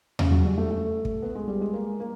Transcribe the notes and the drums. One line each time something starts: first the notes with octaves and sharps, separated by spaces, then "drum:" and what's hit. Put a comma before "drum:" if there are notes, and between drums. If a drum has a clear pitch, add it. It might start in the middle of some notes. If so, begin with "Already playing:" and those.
C#3, drum: tom E2
F#3
G3
A3
A3
drum: kick
B3
G#3
G3
G#3
A#3
A#3